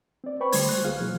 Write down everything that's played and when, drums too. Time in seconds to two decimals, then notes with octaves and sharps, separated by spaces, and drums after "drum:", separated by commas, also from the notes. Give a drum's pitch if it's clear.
0.24 C4 D5
0.40 B4 C5 G5 B5 C#6
0.52 D3 G3 A3 C5 G#6, drum: open hi-hat
0.69 F#6
0.84 C#2 A#3 F4 G#4 F5 F6
1.00 B2 E3 F#3